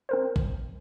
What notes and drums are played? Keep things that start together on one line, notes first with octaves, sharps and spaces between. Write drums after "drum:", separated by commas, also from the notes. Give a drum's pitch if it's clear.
C4 A#4 C5
drum: kick A1